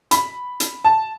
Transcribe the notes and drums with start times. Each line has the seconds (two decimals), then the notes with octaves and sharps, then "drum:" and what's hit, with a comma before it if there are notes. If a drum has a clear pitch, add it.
0.11 B5, drum: hi-hat
0.60 drum: hi-hat
0.85 A5